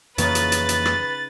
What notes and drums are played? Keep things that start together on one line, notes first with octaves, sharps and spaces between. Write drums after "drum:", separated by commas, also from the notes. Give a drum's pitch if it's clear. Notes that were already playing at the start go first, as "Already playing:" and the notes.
F2 C#3 E3 A#3 D#4 B4 C#5 A6, drum: hi-hat
drum: hi-hat
drum: hi-hat
drum: hi-hat
drum: rim click